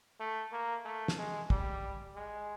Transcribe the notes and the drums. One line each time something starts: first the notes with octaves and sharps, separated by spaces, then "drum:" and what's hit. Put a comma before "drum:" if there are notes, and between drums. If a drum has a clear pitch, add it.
A3
A#3
A3
drum: snare
G#3
G3, drum: kick
G#3